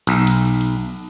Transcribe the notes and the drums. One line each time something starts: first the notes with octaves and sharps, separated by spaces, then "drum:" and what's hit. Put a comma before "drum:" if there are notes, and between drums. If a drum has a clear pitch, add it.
B1, drum: cymbal
drum: cymbal
drum: hi-hat